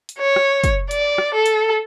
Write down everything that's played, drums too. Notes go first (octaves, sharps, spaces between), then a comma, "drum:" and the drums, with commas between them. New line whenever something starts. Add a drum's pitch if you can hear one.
drum: hi-hat
C#5
drum: rim click
drum: kick, hi-hat
D5, drum: hi-hat
drum: rim click
A4
drum: hi-hat